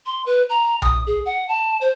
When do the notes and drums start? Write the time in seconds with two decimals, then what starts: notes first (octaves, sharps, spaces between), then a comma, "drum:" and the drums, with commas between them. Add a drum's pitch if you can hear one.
0.06 C6
0.26 B4
0.49 A#5
0.82 D#6, drum: tom B1
1.07 G#4
1.26 F#5
1.49 A5
1.81 C5